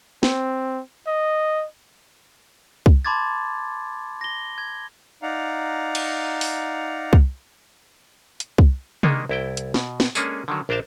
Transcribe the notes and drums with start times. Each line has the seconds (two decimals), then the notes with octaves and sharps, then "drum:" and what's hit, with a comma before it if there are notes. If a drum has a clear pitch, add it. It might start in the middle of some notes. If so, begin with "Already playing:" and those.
0.23 C4, drum: snare
1.07 D#5
2.86 drum: kick C2
3.05 A5 B5 C6 D6 G#6 A6
4.21 A#6 G7
4.58 G#6
5.22 D#4 D5 F5 F#5 A#5
5.95 drum: cymbal
6.41 drum: open hi-hat
7.13 drum: kick C2
8.40 drum: hi-hat
8.58 drum: kick C2
9.03 D#3 G#3 A#3 D4 D#4, drum: tom C3
9.29 C2 E4 G5
9.57 drum: hi-hat
9.74 B2, drum: snare
10.00 drum: snare
10.15 G#3 A#3 C#4 D4 G#4 A4, drum: tambourine
10.48 D3 D#3 F#3
10.69 A#1 D4 A#4 C5 F5 A5